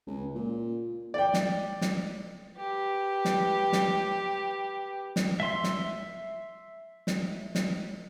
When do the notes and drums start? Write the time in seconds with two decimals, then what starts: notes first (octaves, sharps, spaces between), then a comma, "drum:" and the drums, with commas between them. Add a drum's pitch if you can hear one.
0.07 C#2
0.35 A#2
1.14 D5 G5
1.34 drum: snare
1.81 drum: snare
2.57 G4 B4
3.25 drum: snare
3.73 drum: snare
5.16 drum: snare
5.40 E5 C6
5.64 drum: snare
7.07 drum: snare
7.55 drum: snare